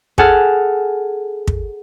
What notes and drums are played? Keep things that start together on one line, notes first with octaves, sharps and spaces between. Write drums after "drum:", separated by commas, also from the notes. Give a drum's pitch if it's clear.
G#4 A4 F#5 A5 F6, drum: kick
drum: kick